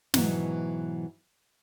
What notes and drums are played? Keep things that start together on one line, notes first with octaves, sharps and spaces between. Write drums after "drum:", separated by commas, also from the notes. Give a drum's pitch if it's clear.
G#2 B2 E3 F#3, drum: snare